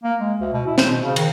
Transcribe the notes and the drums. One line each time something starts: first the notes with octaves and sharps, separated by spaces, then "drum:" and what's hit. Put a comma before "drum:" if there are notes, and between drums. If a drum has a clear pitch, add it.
A#3
G#3
D2
B2
E4
C5, drum: snare
B2
C#3
D#3, drum: cymbal